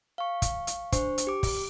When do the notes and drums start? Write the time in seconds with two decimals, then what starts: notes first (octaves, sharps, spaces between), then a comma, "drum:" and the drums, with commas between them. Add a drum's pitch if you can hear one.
0.18 F5 C#6
0.42 drum: kick, hi-hat
0.67 drum: hi-hat
0.92 D4 C5 C#6, drum: kick, hi-hat
1.18 drum: hi-hat
1.27 G4 D6
1.43 drum: kick, open hi-hat